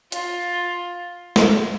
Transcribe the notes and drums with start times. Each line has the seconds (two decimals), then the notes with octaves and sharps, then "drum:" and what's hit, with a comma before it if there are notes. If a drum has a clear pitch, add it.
0.12 F4, drum: hi-hat
1.36 drum: snare